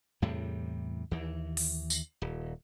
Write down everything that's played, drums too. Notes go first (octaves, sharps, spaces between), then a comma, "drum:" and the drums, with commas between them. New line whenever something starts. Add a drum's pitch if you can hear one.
E2 A2 C3 G3
D#2 E3
drum: open hi-hat
drum: tambourine
D#1